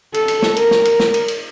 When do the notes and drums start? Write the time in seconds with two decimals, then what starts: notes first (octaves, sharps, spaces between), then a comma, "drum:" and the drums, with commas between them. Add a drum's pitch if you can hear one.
0.14 A4, drum: cymbal
0.28 drum: cymbal
0.42 drum: snare
0.56 A#4, drum: cymbal
0.71 drum: snare
0.85 drum: cymbal
1.00 drum: snare
1.14 drum: cymbal
1.28 drum: cymbal